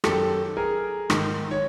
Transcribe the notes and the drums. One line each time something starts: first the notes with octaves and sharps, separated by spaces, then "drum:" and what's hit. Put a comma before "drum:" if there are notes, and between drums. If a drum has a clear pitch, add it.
F#2 D#3 G4 A4, drum: rim click
G#4 A#4
G#2 D#3, drum: rim click
C#5